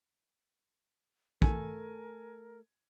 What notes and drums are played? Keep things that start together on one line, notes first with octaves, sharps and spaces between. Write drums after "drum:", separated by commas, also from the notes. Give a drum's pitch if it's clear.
A3 A4 A#4 G#5, drum: kick